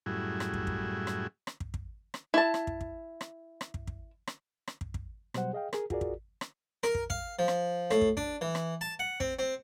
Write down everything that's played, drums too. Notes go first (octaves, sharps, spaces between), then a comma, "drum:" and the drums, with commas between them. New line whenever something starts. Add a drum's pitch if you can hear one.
F#2 A2 G3 E4 F#4 G#4
drum: rim click
drum: kick
drum: kick
drum: rim click
drum: rim click
drum: kick
drum: kick
drum: rim click
E4 A5
drum: rim click
drum: kick
drum: kick
drum: rim click
drum: rim click
drum: kick
drum: kick
drum: rim click
drum: rim click
drum: kick
drum: kick
B2 F#3 G3 C5 F#5, drum: rim click
G#4 D#5 F5 G5
G#4 A#4, drum: rim click
F4 F#4 G#4 A#4 D5, drum: kick
drum: kick
drum: rim click
A#4, drum: rim click
drum: kick
F5, drum: kick
F3
drum: rim click
A2, drum: rim click
drum: kick
D4, drum: kick
E3
drum: rim click
A5
F#5
C4, drum: kick
C4